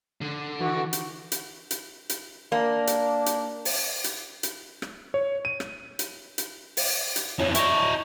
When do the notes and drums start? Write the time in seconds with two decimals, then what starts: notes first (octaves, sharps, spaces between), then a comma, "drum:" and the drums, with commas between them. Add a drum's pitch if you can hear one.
0.21 D3
0.60 E3 F#4
0.93 drum: hi-hat
1.32 drum: hi-hat
1.71 drum: hi-hat
2.09 drum: hi-hat
2.52 A#3 D4
2.87 drum: hi-hat
3.26 drum: hi-hat
3.65 drum: open hi-hat
4.04 drum: hi-hat
4.43 drum: hi-hat
4.82 drum: rim click
5.14 C#5
5.45 D#7
5.60 drum: rim click
5.99 drum: hi-hat
6.38 drum: hi-hat
6.77 drum: open hi-hat
7.16 drum: hi-hat
7.39 F2 E3 C#5
7.55 E4 D#5 C#6, drum: hi-hat